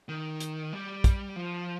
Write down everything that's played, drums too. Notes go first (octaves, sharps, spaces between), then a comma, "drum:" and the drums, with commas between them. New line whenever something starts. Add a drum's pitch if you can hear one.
D#3
drum: hi-hat
G3
drum: kick, hi-hat
F3